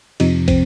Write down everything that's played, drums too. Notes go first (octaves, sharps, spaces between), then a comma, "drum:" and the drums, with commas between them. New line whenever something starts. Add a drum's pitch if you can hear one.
F2 C3 F3 D#4, drum: cymbal
C4, drum: kick, cymbal